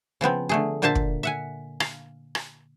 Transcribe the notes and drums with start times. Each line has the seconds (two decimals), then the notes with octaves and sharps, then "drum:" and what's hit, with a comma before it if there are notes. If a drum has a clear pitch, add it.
0.21 C#3 F3 B3 C4
0.49 D3 A3 G#4
0.82 A#2 D3 A#3 C5 E5 A5
0.95 drum: kick
1.23 E5 F#5 G#5
1.80 F5, drum: rim click
2.35 drum: rim click